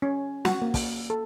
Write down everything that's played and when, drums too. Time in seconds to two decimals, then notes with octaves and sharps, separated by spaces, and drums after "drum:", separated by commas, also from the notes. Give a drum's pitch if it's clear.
0.02 C#4
0.45 F#4, drum: snare
0.62 A#3
0.74 drum: kick, open hi-hat
1.10 A4